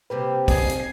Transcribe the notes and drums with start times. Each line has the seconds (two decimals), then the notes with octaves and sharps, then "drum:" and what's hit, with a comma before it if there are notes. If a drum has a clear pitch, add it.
0.10 C3 G3 A#3 G4 B4 C5
0.48 D#5 G#5 C7, drum: kick, open hi-hat
0.69 drum: hi-hat